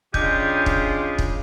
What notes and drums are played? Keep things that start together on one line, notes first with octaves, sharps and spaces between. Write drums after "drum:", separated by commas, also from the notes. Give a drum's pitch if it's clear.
C#3 G#3 D4 F4 G4 G6, drum: kick
drum: kick
drum: kick